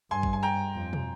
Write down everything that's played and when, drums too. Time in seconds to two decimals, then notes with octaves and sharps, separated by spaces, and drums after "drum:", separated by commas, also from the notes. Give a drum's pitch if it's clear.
0.11 G2 G#5 C6
0.23 drum: kick
0.33 G#5
0.43 G5 A#5
0.75 F2
0.93 drum: tom